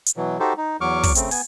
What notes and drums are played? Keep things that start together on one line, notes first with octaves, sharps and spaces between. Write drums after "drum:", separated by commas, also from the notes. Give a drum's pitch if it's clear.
drum: hi-hat
B2 E3 F#3
D#4 F#4 G4 A4 C5
D#4
E2 F#3 C#6 D6 F6
drum: kick, open hi-hat
C#3 A3 C4, drum: hi-hat
B3 G#5, drum: open hi-hat